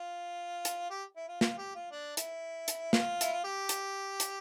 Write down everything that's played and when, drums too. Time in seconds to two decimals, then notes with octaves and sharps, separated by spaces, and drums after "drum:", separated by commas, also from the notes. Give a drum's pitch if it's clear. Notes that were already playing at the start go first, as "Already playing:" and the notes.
Already playing: F4
0.65 drum: hi-hat
0.90 G4
1.16 E4
1.28 F4
1.41 F4, drum: snare
1.57 G4
1.75 F4
1.91 D4
2.17 E4, drum: hi-hat
2.68 drum: hi-hat
2.93 F4, drum: snare
3.21 E4, drum: hi-hat
3.32 F4
3.44 G4
3.69 drum: hi-hat
4.20 drum: hi-hat